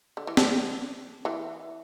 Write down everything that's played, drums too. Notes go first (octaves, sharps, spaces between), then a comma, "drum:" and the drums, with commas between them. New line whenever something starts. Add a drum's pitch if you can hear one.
D3
E3
D3, drum: snare
E3